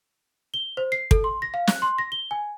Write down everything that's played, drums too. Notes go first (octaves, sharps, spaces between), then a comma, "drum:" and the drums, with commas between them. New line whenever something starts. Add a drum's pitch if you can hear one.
G7
C5
C7
A4, drum: kick
C6
A#6
F5
F#6, drum: snare
C6
A#6
G7
G#5